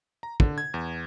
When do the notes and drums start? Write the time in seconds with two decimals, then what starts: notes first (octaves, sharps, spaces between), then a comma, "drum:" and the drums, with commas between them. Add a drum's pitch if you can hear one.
0.23 A#5
0.40 D3, drum: kick
0.58 G#6
0.74 E2